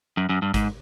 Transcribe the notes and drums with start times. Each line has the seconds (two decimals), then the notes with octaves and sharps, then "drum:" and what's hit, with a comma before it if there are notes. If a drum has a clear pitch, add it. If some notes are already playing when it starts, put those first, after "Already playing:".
0.17 F#2
0.29 F#2
0.42 G2
0.54 G#2, drum: kick G#1, hi-hat